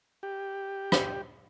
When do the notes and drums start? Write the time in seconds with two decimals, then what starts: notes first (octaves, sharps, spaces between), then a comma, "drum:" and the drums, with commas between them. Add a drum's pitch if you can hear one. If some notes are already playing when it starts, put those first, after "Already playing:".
0.23 G4
0.92 drum: rim click